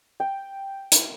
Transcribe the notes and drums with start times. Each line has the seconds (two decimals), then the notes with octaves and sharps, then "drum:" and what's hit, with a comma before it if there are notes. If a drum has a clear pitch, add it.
0.20 G5
0.92 drum: hi-hat